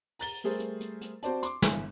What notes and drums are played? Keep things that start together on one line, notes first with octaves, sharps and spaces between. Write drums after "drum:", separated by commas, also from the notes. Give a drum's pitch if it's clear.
A#5 A6 G7, drum: open hi-hat
G3 A3 G#4 A#4 C5
drum: hi-hat
drum: hi-hat
drum: hi-hat
C4 F#4 C5 D5 A5, drum: hi-hat
C6 D6, drum: hi-hat
G1 E4 E5 G#5, drum: snare